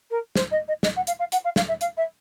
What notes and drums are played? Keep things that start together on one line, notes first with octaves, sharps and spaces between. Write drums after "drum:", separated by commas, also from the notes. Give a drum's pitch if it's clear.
A#4
C5, drum: snare
D#5
D#5
D#5, drum: snare
F#5
F5, drum: hi-hat
F5
F#5, drum: hi-hat
F5
F5, drum: snare
E5
F5, drum: hi-hat
E5